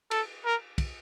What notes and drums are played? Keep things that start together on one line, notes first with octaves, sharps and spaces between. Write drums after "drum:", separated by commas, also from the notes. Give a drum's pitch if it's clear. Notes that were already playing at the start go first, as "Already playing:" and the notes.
A4, drum: cymbal
A#4
drum: kick, cymbal